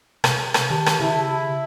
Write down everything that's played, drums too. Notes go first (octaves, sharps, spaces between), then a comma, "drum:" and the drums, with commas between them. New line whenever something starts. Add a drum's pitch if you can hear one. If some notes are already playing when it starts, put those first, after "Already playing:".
C3, drum: rim click
drum: rim click
D#3 G4 A5
drum: rim click
C#3 E4